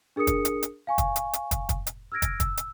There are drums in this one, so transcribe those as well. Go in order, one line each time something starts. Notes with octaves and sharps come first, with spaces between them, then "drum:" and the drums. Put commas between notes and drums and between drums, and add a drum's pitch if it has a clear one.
D4 G#4 A#4 D#6 C#7
drum: kick, hi-hat
drum: hi-hat
drum: hi-hat
F5 G#5 C#6
drum: kick, hi-hat
drum: hi-hat
drum: hi-hat
drum: kick, hi-hat
drum: kick, hi-hat
drum: hi-hat
E6 F6 G#6 A#6 D7
drum: kick, hi-hat
E6, drum: kick, hi-hat
drum: hi-hat